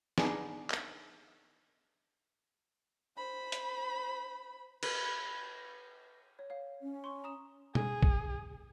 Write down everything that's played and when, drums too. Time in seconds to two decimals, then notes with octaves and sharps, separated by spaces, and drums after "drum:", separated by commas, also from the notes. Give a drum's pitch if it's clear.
0.18 B3 D4 D#4 G#4, drum: snare
0.70 drum: clap
3.17 C5 B5
3.52 drum: hi-hat
4.83 B4, drum: cymbal
6.39 C#5
6.50 C#5 F5
6.81 C#4
7.04 C6 C#6
7.24 A#5 D#6 E7
7.75 G#4, drum: tom
8.03 drum: kick A#1